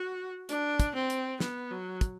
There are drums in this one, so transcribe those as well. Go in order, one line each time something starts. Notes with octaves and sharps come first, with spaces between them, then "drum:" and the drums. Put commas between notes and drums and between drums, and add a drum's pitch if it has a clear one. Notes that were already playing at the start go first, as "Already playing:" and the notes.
Already playing: F#4
D4, drum: hi-hat
drum: kick, hi-hat
C4
drum: hi-hat
B3, drum: snare
F#3
drum: kick, hi-hat